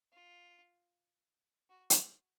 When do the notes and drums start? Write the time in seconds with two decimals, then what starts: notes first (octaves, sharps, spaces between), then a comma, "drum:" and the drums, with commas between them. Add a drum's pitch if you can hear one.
0.12 F4
1.70 F#4
1.90 drum: hi-hat